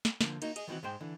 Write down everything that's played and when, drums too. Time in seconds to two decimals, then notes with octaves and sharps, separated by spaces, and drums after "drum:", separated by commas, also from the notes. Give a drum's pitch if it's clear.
0.05 drum: snare
0.21 D3 F3 A#3, drum: snare
0.42 A#3 D#4 F#4, drum: cymbal
0.56 G#4 D#5, drum: cymbal
0.68 D#3 E3 G3 C4 F#4
0.83 G#2 G#3 C5 G5
1.01 D3 E3